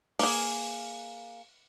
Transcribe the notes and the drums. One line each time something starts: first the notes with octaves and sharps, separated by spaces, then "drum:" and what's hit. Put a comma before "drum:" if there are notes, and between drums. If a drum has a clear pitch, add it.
A#3 G#4, drum: open hi-hat